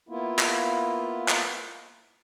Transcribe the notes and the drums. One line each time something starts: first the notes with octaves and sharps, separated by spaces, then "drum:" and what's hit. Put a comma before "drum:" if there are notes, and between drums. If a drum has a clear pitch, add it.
A#3 B3 E4 F4
drum: clap
drum: clap